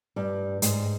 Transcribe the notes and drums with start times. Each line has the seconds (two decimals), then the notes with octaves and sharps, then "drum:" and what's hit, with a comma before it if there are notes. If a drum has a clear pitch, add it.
0.16 G2 G3
0.62 G#2 G#3, drum: hi-hat